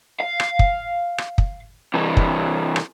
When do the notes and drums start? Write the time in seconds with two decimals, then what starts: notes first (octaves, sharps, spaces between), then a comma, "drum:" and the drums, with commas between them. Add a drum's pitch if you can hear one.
0.20 F5
0.40 drum: rim click
0.59 drum: kick
1.18 drum: rim click
1.38 drum: kick
1.94 C3 E3
2.17 drum: kick
2.76 drum: rim click